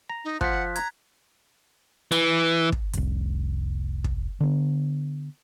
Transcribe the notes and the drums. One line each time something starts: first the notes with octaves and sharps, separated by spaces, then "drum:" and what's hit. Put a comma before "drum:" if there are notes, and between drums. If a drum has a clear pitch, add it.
A#5
D#4
F3 F#5 F#6 B6, drum: kick
A#5 G#6, drum: hi-hat
E3, drum: hi-hat
drum: kick
F1 C2, drum: hi-hat
drum: kick
D3 B3